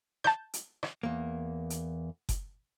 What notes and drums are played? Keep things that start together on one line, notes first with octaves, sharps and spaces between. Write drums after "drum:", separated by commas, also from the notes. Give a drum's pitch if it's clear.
A5 G6, drum: rim click
drum: hi-hat
drum: rim click
E2 A#3
drum: hi-hat
drum: kick F#1, hi-hat